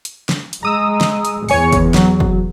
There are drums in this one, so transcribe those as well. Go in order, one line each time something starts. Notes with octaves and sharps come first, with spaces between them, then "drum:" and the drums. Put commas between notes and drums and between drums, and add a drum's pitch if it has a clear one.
drum: hi-hat
drum: snare
drum: hi-hat
G#3 A#5 D#6 E6
drum: snare
drum: hi-hat
E2 C#5 G#5 C#7, drum: open hi-hat
drum: kick, hi-hat
F#3, drum: snare
drum: kick